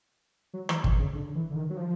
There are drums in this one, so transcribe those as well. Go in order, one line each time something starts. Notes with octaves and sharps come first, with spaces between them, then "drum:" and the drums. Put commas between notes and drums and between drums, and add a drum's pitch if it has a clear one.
F#3
E3, drum: rim click
D3, drum: kick
C#3
D3
E3
D3
D#3
F#3
F3